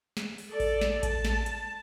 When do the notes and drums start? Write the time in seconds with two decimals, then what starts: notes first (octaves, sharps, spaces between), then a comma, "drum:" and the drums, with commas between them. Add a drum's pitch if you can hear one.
0.17 drum: snare
0.38 drum: open hi-hat
0.50 A4 D5
0.60 drum: kick A1, open hi-hat
0.81 drum: snare
1.03 A5, drum: kick A1, hi-hat
1.25 drum: snare
1.46 drum: hi-hat